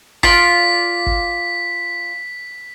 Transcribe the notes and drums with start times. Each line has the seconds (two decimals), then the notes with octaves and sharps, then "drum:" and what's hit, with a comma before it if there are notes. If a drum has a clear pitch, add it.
0.23 F4 D5 B6, drum: kick G1
1.06 drum: kick G1